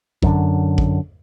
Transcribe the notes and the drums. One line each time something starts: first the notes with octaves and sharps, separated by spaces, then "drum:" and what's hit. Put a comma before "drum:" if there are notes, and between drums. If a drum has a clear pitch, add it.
F#2 D3, drum: kick A1
drum: kick A1